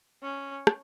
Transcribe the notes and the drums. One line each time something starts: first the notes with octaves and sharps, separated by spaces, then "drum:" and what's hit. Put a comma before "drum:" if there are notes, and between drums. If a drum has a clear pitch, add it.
C#4
drum: rim click